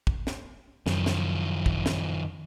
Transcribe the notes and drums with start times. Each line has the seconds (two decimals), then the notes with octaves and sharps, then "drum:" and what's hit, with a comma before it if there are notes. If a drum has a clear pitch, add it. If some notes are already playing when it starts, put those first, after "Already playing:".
0.07 drum: kick
0.27 drum: snare
0.86 F#2 D#3 F3, drum: snare
1.06 drum: snare
1.66 drum: kick
1.86 drum: snare